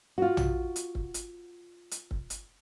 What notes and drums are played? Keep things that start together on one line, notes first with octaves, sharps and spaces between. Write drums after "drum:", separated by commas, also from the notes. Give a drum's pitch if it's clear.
F4 F#4
drum: tom
drum: hi-hat
drum: kick C#1
drum: hi-hat
drum: hi-hat
drum: kick C#1
drum: hi-hat